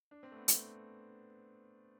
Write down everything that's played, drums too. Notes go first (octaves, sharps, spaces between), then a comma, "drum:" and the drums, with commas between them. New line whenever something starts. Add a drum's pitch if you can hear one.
D4
C4
A3
B3
A3, drum: hi-hat